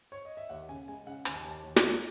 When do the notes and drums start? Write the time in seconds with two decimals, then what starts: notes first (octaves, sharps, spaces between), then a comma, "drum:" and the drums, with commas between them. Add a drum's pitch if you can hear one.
0.12 C#5
0.25 D#5
0.37 E5
0.50 D#2 F#5
0.69 C#3 G#5
0.88 G#3 G#5
1.06 C#3 F#5
1.25 D#2 G#5, drum: hi-hat
1.34 A5
1.41 G#5
1.45 D#2
1.51 A5
1.64 D#2
1.76 A5, drum: snare
1.82 G#3